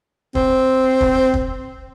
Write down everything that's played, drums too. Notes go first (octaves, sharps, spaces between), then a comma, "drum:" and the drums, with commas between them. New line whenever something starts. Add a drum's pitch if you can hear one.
C4, drum: kick
drum: kick
drum: kick